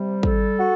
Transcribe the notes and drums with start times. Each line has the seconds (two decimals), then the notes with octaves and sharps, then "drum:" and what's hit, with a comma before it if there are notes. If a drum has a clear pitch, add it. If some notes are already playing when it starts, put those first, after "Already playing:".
Already playing: C3 G3
0.23 A4, drum: kick
0.59 F#4